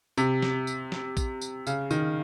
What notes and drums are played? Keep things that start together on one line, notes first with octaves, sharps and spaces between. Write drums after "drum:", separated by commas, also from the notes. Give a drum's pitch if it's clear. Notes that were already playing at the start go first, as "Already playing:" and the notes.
C3, drum: tambourine
drum: snare
drum: tambourine
drum: snare
drum: kick A#1, tambourine
drum: tambourine
C#3, drum: tambourine
D#3, drum: tambourine